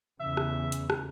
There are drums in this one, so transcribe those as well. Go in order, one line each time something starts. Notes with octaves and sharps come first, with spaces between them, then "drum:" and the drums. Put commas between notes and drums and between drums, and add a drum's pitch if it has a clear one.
E2 C#3 E5
drum: rim click
drum: hi-hat
drum: rim click